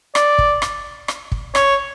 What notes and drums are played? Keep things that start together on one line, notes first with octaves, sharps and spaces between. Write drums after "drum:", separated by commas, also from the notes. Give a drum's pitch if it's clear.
D5, drum: rim click
drum: kick
drum: rim click
drum: rim click
drum: kick
C#5, drum: rim click